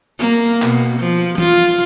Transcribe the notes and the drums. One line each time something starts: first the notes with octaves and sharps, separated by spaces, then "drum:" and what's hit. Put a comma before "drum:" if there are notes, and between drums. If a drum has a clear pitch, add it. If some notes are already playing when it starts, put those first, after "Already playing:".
A#3
B2, drum: clap
F3
F4, drum: tom E3